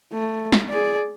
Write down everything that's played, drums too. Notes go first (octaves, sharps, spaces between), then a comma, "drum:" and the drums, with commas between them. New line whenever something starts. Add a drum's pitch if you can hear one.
A3
drum: snare
G#4 D5